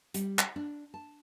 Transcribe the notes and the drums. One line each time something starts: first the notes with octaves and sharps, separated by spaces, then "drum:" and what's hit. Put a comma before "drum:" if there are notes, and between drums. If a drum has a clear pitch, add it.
G3, drum: hi-hat
drum: clap
D4
A5